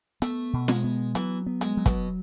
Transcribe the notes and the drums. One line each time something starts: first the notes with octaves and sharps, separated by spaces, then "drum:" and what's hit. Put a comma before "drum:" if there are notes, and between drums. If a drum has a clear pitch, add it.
A3 B3, drum: hi-hat
B2
G#3, drum: snare
B3
E3 F#3, drum: hi-hat
B3
G#3, drum: hi-hat
F#3
B2, drum: kick, hi-hat